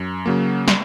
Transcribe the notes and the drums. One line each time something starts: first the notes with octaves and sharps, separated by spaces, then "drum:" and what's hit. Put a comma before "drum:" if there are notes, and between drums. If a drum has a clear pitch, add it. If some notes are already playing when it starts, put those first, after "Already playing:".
Already playing: F#2
C#3 F#3 A#3
drum: snare